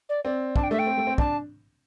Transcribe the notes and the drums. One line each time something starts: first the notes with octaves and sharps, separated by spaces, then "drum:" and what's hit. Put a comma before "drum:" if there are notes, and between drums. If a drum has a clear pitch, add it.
D5
C4 D5
D4 A5, drum: kick
G5
A3 E5
G5
C4
A3
C4
D4 A5, drum: kick